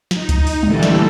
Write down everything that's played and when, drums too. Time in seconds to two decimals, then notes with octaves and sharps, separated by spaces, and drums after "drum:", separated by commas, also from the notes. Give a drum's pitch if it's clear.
0.11 D#4, drum: snare
0.29 drum: kick C#2, hi-hat
0.47 drum: open hi-hat
0.63 A#2 D3 E3 G3 A3 A4, drum: tom G3
0.83 drum: snare